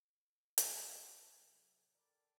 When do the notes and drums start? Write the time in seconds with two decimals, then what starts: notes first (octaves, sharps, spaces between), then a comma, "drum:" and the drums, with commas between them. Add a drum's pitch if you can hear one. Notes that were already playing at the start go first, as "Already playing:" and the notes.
0.58 drum: hi-hat
0.71 A#3 C4 G#4
1.04 A#3 E4 G#4 D5
1.40 A2 C3 F#3 E4
1.95 G4 A4 A#4 D5 B5